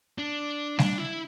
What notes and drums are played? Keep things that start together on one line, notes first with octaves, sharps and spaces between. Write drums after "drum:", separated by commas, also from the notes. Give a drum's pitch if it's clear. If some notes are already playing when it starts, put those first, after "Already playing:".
D4
D4, drum: snare G3
E4